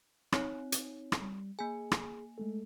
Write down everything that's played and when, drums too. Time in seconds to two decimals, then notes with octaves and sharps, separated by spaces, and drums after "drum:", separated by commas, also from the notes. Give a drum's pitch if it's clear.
0.32 C4 D#4 C#5, drum: rim click
0.72 drum: hi-hat
1.12 drum: rim click
1.22 G3
1.59 A#3 G#4 G#5
1.92 drum: rim click
2.38 G#3 A3 A4